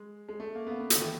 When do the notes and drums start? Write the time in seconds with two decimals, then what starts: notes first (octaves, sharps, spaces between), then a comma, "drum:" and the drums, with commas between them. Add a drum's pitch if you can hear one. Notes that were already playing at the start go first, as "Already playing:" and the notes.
Already playing: G#3
0.29 G#3
0.40 A3
0.55 A#3
0.67 B3
0.70 A#3
0.80 B3
0.90 A3, drum: hi-hat
0.96 D#3
1.01 E3